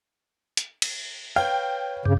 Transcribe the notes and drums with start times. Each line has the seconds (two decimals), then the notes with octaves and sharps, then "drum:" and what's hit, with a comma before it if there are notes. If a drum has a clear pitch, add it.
0.57 drum: hi-hat
0.82 drum: cymbal
1.36 B4 C#5 F5 G5
2.06 G2 C#3